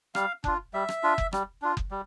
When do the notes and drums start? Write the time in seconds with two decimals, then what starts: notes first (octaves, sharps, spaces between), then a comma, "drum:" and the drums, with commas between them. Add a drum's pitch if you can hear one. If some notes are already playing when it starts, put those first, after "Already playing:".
0.15 G3 F5, drum: rim click
0.44 D4 F4, drum: kick F#1
0.74 G3 E5
0.88 drum: rim click
1.03 D4 F4
1.18 drum: kick F#1
1.33 G3, drum: rim click
1.62 D4 F4
1.77 drum: kick F#1
1.91 G3